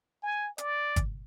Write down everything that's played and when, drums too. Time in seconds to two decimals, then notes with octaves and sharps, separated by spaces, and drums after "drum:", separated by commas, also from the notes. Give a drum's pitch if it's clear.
0.23 G#5
0.58 D5, drum: hi-hat
0.96 drum: kick, hi-hat